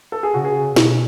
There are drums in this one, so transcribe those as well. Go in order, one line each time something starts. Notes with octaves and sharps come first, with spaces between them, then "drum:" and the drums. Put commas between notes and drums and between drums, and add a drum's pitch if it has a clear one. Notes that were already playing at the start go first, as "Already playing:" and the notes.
A4
G#4
C#3 F#4
G#4
B2, drum: snare